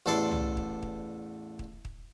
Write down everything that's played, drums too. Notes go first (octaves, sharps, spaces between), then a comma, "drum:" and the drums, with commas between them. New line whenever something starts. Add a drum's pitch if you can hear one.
A1 E2 D4 A4 D5 C6
drum: tom C2
drum: kick
drum: kick
drum: kick
drum: kick